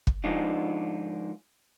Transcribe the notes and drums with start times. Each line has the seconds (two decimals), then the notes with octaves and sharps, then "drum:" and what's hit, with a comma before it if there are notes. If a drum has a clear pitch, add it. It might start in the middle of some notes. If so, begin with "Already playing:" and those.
0.07 drum: kick
0.24 G#2 D3 F3 D4 D#4 F4